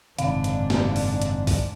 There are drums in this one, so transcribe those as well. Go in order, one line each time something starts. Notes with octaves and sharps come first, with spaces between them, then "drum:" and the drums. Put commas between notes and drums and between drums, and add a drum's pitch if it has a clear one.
F#1 G#2 C3 D#3 D4 F5, drum: hi-hat
drum: hi-hat
drum: snare
drum: open hi-hat
drum: hi-hat
drum: kick, open hi-hat